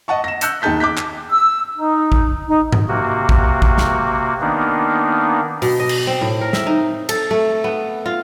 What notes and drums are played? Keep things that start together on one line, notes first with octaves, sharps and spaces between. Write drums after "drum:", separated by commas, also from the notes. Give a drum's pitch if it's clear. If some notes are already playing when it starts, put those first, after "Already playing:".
D#5 F#5 A5 C#6
A#6 E7
E6 F#6 G6 C#7 E7, drum: hi-hat
D#2 D#4 G#4 A5 G6 B6
D6 F#6 G6 B6
drum: clap
E6
D#4
drum: kick A1
D#4
drum: tom G2
C3 A#3 F#4
drum: kick A1
drum: kick A1
drum: snare
D#3 A#3 B3 D4 D#4
B2, drum: open hi-hat
D#5
drum: cymbal
C4
A2
A#4
E5, drum: snare
D#4
A4, drum: cymbal
A3
B3
F4